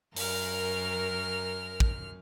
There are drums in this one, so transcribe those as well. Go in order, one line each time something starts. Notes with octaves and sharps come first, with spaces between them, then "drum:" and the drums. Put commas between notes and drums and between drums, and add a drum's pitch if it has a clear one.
F#2 A#4 F6, drum: open hi-hat
drum: kick